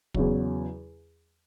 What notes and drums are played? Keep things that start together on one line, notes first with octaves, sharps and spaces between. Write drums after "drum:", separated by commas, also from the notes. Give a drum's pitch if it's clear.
E2 C#3 F#3, drum: kick